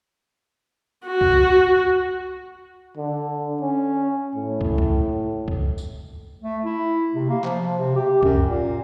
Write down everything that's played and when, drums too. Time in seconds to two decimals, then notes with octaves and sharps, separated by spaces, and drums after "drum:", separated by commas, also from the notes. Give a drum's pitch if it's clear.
1.07 F#4
1.21 drum: kick
2.98 D3
3.61 C#4
4.36 A2
4.61 drum: kick
4.78 drum: kick
5.48 drum: kick
5.78 drum: tambourine
6.41 A3
6.64 E4
7.14 C3
7.29 A#3
7.44 F3, drum: clap
7.77 C3
7.96 G4
8.23 F#2, drum: kick
8.44 A#2